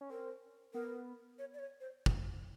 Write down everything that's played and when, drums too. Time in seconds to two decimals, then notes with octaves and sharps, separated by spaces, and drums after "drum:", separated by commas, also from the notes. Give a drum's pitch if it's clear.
0.01 C#4
0.10 C4 A#4
0.74 B3 A#4
1.39 C#5
1.54 D5
1.59 C#5
1.81 C5
2.06 drum: kick